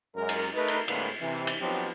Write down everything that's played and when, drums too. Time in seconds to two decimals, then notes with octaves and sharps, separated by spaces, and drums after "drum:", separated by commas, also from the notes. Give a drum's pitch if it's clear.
0.15 F#2 G#3 A#4
0.29 drum: cymbal
0.54 A3 D#4 A#4 B4
0.68 drum: cymbal
0.88 A2 D3 G#3 A#3 C4 B4, drum: cymbal
1.20 C3 E3
1.47 drum: cymbal
1.60 F3 F#3 B3 C4 D#4 G4